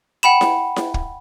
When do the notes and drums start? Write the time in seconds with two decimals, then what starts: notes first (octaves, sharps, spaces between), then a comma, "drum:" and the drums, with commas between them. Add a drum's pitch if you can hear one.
0.23 F#5 G5 B5 E7
0.41 drum: snare E4
0.76 drum: snare E4
0.94 drum: kick